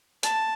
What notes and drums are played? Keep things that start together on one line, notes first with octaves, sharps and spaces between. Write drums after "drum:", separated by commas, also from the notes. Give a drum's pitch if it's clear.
A5, drum: hi-hat